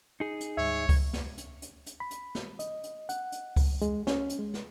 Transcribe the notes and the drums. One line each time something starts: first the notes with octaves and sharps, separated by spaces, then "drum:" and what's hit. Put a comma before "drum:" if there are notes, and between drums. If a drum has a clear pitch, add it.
D#4 G#4
drum: hi-hat
D2 G#2 G3 C#5 E5
drum: kick C#2, open hi-hat
drum: snare
drum: hi-hat
drum: hi-hat
drum: hi-hat
B5
drum: hi-hat
drum: snare
D#5, drum: hi-hat
drum: hi-hat
F#5, drum: hi-hat
drum: hi-hat
drum: kick C#2, open hi-hat
G#3, drum: hi-hat
C#4, drum: snare
drum: hi-hat
G#3
drum: snare